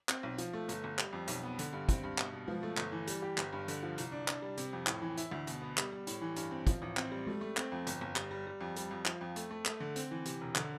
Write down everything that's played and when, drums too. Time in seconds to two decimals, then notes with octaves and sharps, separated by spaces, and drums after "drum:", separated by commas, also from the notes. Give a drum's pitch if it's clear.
0.09 C4, drum: clap
0.23 B1
0.38 F3, drum: hi-hat
0.53 A3
0.69 G1, drum: hi-hat
0.84 G1
0.99 G3, drum: clap
1.13 F2
1.28 B1, drum: hi-hat
1.43 B3
1.59 D3, drum: hi-hat
1.73 G2
1.89 C4, drum: kick, hi-hat
2.04 G2
2.18 B2, drum: clap
2.33 B2
2.48 F3, drum: tom G#3
2.63 A3
2.77 G1, drum: clap
2.92 E3
3.07 G3, drum: hi-hat
3.22 G4
3.38 G1, drum: clap
3.53 G2
3.68 D3, drum: hi-hat
3.83 F3
3.98 C2, drum: hi-hat
4.12 D4
4.28 D4, drum: clap
4.42 G3
4.57 C3, drum: hi-hat
4.73 F2
4.87 A2, drum: clap
5.02 E3
5.17 E4, drum: hi-hat
5.31 D2
5.47 B2, drum: hi-hat
5.62 B3
5.77 G3, drum: clap
5.92 G3
6.07 A2, drum: hi-hat
6.21 E3
6.36 G2, drum: hi-hat
6.51 C4
6.67 F3, drum: kick, hi-hat
6.82 A1
6.97 C4, drum: clap
7.11 G3
7.27 A3, drum: tom G#3
7.41 A3
7.57 C4, drum: clap
7.72 F2
7.87 G1, drum: hi-hat
8.01 G1
8.16 G3, drum: clap
8.31 G3
8.47 G3
8.61 F2
8.76 G3, drum: hi-hat
8.91 F2
9.05 F3, drum: clap
9.21 F2
9.36 A3, drum: hi-hat
9.51 A3
9.65 A3, drum: clap
9.80 D3
9.96 C4, drum: hi-hat
10.11 E3
10.26 C3, drum: hi-hat
10.41 E1
10.55 D3, drum: clap